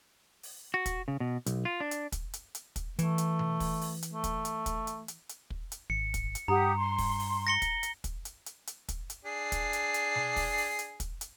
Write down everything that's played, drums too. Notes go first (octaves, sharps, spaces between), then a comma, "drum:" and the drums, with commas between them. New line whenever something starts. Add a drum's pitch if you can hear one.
drum: open hi-hat
F#4
drum: kick, hi-hat
C#3
B2
B1, drum: hi-hat
F4
D4
drum: hi-hat
drum: kick, hi-hat
drum: hi-hat
drum: hi-hat
drum: kick, hi-hat
E3 A3, drum: hi-hat
drum: hi-hat
drum: tom B2
drum: kick, open hi-hat
drum: open hi-hat
drum: hi-hat
A3
drum: kick, hi-hat
drum: hi-hat
drum: kick, hi-hat
drum: hi-hat
drum: hi-hat
drum: hi-hat
drum: kick
drum: hi-hat
G#1 C#7
drum: kick, hi-hat
drum: hi-hat
G2 G4 F#5 A#5 D#6
C6
drum: kick, open hi-hat
drum: open hi-hat
A#6 C#7 G7
drum: kick, hi-hat
drum: hi-hat
drum: kick, hi-hat
drum: hi-hat
drum: hi-hat
drum: hi-hat
drum: kick, hi-hat
drum: hi-hat
D4 G#4
drum: kick, hi-hat
drum: hi-hat
drum: hi-hat
drum: tom B2
drum: kick, open hi-hat
drum: open hi-hat
drum: hi-hat
drum: kick, hi-hat
drum: hi-hat